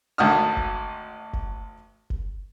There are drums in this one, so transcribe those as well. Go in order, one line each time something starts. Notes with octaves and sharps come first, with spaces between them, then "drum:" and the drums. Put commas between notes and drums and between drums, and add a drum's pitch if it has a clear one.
G#1 D2 F#5 D#6 F6
drum: kick F#1
drum: kick F#1
drum: kick F#1